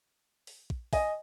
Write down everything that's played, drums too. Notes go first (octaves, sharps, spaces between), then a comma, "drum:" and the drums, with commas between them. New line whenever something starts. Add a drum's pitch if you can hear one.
drum: open hi-hat
drum: kick
D#5 G#5, drum: kick, open hi-hat